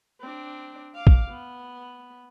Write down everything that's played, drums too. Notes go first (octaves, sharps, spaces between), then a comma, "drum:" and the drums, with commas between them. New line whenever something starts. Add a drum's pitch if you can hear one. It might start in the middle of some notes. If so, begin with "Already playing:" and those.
C4 D4
F5 D6
drum: kick
B3